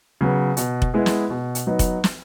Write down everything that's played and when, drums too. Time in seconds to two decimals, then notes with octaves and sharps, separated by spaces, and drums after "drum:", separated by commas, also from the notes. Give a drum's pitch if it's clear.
0.21 C#3 F#3 B3
0.57 B2, drum: hi-hat
0.82 drum: kick F1
0.94 G#3 B3 E4 G#4
1.06 drum: snare
1.30 B2
1.55 drum: hi-hat
1.67 F#3 B3 D#4
1.79 drum: kick F1, hi-hat
2.04 drum: snare